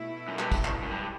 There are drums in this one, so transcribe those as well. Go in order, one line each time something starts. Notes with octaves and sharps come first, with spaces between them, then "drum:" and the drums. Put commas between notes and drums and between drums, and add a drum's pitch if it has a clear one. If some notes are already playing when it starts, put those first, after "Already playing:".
Already playing: B2 A3 E4
F#2
G2, drum: clap
drum: kick, tambourine
drum: clap
F#2
G2